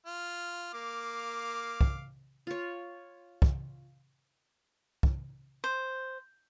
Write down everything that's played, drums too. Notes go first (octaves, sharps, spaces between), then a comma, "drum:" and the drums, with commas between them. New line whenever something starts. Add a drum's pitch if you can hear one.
F4
A#3 F5 D6
drum: kick
F4 C#5
drum: kick
drum: kick
C5